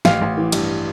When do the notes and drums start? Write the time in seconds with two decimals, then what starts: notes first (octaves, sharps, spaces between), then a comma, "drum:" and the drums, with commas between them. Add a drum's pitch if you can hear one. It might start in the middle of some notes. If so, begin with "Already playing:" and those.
0.05 A1 F5, drum: snare
0.21 A1
0.37 E3
0.52 G2, drum: cymbal